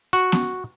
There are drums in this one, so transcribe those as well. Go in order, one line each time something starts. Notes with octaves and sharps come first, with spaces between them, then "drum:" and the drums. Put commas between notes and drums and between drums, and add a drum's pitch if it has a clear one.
F#4
drum: snare B3